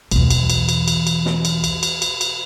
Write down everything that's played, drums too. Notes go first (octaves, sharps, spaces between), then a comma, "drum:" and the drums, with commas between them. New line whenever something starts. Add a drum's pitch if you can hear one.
B1 E2, drum: cymbal
drum: cymbal
drum: cymbal
drum: cymbal
drum: cymbal
drum: cymbal
drum: snare
drum: cymbal
drum: cymbal
drum: cymbal
drum: cymbal
drum: cymbal